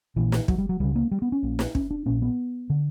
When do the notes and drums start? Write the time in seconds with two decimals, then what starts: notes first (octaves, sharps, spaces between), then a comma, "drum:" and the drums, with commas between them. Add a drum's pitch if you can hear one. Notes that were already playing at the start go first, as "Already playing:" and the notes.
0.16 A#1 A#2 E3
0.32 drum: snare
0.48 F#3, drum: kick
0.58 G3
0.69 F#3
0.80 C#2 C#3 G3
0.96 A#3
1.12 G3
1.22 B3
1.32 C#4
1.43 A#1 A#2
1.59 drum: snare
1.75 C#4, drum: kick
1.91 D4
2.06 A#1 A#2 C#4
2.22 B3
2.70 D3